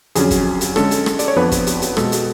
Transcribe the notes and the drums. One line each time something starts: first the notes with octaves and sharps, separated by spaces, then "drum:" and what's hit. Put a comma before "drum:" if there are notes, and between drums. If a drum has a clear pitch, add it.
F2 D3 F#3 C#4 G#4, drum: hi-hat
drum: kick, hi-hat
drum: hi-hat
D3 G#3 C#4 A4, drum: rim click
drum: hi-hat
drum: rim click
D5, drum: hi-hat
C#5
F2 F3 B3 D4 B4
drum: kick, hi-hat
drum: hi-hat
drum: hi-hat
B2 G#3 B3 A4, drum: rim click
drum: hi-hat